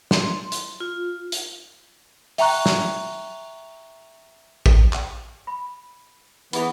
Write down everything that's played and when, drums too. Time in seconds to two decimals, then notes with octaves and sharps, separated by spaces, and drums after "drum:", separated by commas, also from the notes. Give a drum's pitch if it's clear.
0.11 C6, drum: snare
0.52 drum: hi-hat
0.80 F4
1.32 drum: hi-hat
2.38 E5 G5 A#5 C#6 F#6, drum: open hi-hat
2.66 drum: snare
4.66 drum: kick A1
4.93 drum: clap
5.47 B5
6.53 E3 B3 E4 G#4 B5, drum: hi-hat